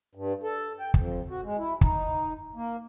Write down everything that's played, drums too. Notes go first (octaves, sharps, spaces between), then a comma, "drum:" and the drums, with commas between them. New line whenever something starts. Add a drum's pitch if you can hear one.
G2
A4
G5
F2, drum: kick
F#4
G#3
E4
D#4, drum: kick
A#3